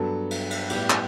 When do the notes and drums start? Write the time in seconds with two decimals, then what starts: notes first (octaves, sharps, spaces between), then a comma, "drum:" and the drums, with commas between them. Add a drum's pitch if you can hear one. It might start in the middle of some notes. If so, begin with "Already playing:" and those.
Already playing: G2 F#3 B3 A4
0.31 drum: cymbal
0.50 drum: cymbal
0.70 A2 G3 B3 G4, drum: cymbal
0.90 drum: clap